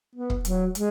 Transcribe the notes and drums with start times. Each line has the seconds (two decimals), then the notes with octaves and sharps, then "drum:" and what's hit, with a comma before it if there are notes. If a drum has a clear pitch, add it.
0.15 B3
0.30 drum: kick
0.45 F#3, drum: hi-hat
0.75 G#3, drum: hi-hat